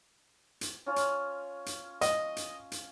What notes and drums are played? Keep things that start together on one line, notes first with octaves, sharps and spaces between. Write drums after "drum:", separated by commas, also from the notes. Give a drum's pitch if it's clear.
drum: hi-hat
C#4 F4
drum: hi-hat
drum: hi-hat
D#5, drum: hi-hat
drum: hi-hat
drum: hi-hat